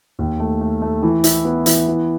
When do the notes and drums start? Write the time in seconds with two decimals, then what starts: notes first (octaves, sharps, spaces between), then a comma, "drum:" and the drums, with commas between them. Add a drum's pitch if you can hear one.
0.19 D#2
0.40 A3
0.61 A3
0.82 A3
1.03 E3
1.24 E4, drum: hi-hat
1.45 B3
1.66 E3, drum: hi-hat
1.87 B3